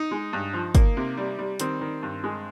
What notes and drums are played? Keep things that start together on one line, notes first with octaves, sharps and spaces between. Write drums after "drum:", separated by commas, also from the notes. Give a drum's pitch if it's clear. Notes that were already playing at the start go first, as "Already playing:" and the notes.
Already playing: D#4
G#3
G2
F3
A#3, drum: kick G1, hi-hat
C3
G3
G3
D#3 C4, drum: hi-hat
D#3
G2
G#3